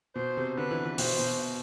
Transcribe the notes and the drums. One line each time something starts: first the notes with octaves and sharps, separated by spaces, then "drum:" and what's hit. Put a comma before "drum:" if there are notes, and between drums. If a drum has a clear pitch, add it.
B2 C5
C3
D3 B4
E3
E3
B2 C5, drum: open hi-hat
B2